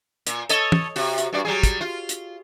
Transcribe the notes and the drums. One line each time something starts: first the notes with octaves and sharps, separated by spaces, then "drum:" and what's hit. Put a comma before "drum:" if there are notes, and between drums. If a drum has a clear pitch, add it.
A#2, drum: hi-hat
A4 C#5 D#5, drum: hi-hat
drum: tom
C3 F#4, drum: open hi-hat
drum: hi-hat
G2 F#4 D5
F#3 G3 G#4
drum: kick, hi-hat
F4
drum: hi-hat